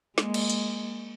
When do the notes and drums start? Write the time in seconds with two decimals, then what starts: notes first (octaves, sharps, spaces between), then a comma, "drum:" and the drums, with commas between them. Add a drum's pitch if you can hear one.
0.18 G#3 A#3, drum: snare
0.34 drum: cymbal
0.50 drum: hi-hat